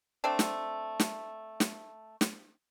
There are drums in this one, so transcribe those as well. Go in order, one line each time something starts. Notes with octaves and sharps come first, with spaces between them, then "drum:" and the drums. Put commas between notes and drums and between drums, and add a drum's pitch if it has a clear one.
A3 C4 D4
drum: snare
drum: snare
drum: snare
drum: snare